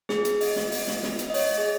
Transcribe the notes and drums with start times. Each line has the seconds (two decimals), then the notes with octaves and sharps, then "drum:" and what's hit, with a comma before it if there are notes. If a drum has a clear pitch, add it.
0.09 G#4, drum: snare
0.25 drum: hi-hat
0.41 D#5, drum: open hi-hat
0.56 drum: snare
0.72 drum: open hi-hat
0.87 drum: snare
1.03 drum: snare
1.19 drum: hi-hat
1.30 D#5
1.34 C#5, drum: open hi-hat
1.58 G#4